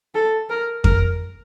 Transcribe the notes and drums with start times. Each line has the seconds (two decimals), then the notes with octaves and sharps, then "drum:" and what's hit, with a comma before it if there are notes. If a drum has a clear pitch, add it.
0.15 A4
0.50 A#4
0.84 A#4, drum: kick F2